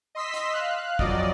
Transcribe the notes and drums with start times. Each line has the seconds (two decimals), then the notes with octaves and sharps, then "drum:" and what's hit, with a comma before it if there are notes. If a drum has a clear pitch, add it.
0.15 D#5 C6 E6 B6
0.34 drum: hi-hat
0.53 F5 F#6
0.99 F2 F#3 D5 D#5, drum: kick